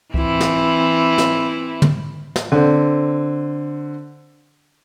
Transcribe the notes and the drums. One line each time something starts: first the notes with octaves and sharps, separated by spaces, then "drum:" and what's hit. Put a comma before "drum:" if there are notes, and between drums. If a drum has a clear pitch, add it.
E3 C4 E4, drum: kick C2
drum: snare
drum: snare
drum: tom
drum: snare
D3 C4